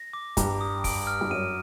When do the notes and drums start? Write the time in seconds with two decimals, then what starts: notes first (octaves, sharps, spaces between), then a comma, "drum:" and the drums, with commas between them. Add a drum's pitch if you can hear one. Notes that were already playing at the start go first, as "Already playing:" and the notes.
Already playing: A#6
0.13 D6
0.37 G2 A#5, drum: kick, hi-hat
0.61 D#6
0.84 D7, drum: kick, open hi-hat
1.07 F6
1.21 G2
1.30 F#2 D#7